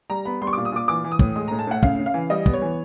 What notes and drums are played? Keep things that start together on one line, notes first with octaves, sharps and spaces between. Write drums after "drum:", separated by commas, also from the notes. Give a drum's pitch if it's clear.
G3 A#5
B3 B5
G3 C6
C#6
A#2 D6
D#6
A#2 D6
E3 D6
E3
D#6
A2, drum: kick
G#3 D#6
A2 A#5
A5
A2 F#5
C#3 F5, drum: kick
C#3
F5
E3
G3 D#5
B3, drum: kick
C#5
E3